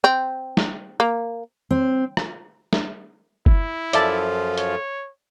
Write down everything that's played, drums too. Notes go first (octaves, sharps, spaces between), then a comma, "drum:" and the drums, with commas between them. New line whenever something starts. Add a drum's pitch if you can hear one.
C4
drum: snare
A#3
C4
drum: rim click
drum: snare
E4, drum: kick F#1
F#2 F3 F4 A4 D5 E5 A5, drum: hi-hat
C#5, drum: hi-hat